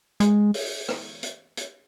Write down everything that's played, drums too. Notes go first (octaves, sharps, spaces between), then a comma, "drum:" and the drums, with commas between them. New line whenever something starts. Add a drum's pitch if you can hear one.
G#3, drum: hi-hat
drum: open hi-hat
drum: rim click
drum: hi-hat
drum: hi-hat